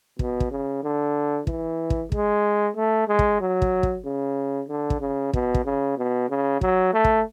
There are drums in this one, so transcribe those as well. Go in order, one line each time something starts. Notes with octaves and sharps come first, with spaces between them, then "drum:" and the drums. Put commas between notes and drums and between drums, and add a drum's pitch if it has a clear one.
B2, drum: kick
drum: kick
C#3
D3
E3, drum: kick
drum: kick
G#3, drum: kick
A3
G#3
drum: kick
F#3
drum: kick
drum: kick
C#3
D3
drum: kick
C#3
B2, drum: kick
drum: kick
C#3
B2
C#3
F#3, drum: kick
A3
drum: kick